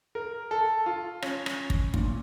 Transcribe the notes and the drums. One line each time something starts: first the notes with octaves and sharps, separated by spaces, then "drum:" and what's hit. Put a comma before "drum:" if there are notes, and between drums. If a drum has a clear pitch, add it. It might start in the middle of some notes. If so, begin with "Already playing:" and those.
A#4
A4
F4
C#4, drum: rim click
drum: rim click
drum: kick
A#2, drum: kick